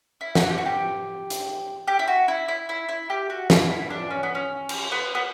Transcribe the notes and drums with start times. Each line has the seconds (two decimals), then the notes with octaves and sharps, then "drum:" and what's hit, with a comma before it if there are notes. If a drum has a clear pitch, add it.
0.21 E4
0.35 F#4, drum: snare
0.50 G4
0.58 F#4
0.66 G4
1.30 drum: hi-hat
1.87 G4
1.99 E4
2.08 F#4
2.28 E4
2.48 E4
2.69 E4
2.89 E4
3.10 G4
3.30 F#4
3.50 E4, drum: snare
3.71 E4
3.90 D4
4.10 C#4
4.23 B3
4.35 C#4
4.69 drum: cymbal
4.92 B3
5.15 B3